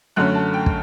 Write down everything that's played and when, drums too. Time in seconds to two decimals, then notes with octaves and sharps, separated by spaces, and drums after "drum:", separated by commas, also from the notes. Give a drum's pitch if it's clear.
0.16 F#2 D3 A3 C#4 F#6
0.35 A5
0.54 G5
0.66 drum: kick